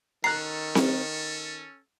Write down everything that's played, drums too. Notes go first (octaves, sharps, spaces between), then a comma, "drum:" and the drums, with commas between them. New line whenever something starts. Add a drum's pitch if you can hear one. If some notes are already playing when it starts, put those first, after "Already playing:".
D#3 C#4 A4 A#5 F#6 C7
drum: snare C4